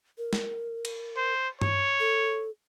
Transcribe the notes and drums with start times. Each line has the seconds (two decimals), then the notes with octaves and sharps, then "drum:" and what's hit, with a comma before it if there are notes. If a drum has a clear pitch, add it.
0.18 A#4
0.33 drum: snare
0.85 drum: cymbal
1.17 C5
1.62 C#5, drum: tom G2
2.00 A4